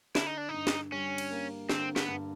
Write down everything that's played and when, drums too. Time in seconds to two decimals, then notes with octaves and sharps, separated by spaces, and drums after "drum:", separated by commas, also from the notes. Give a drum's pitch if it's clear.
0.15 D3 E4, drum: snare
0.27 D#4
0.37 D4
0.49 D#4
0.54 G2
0.67 drum: snare
0.92 G3 C#4
1.18 drum: cymbal
1.31 A#3
1.69 D3 C4, drum: snare
1.96 B3, drum: snare
2.08 G2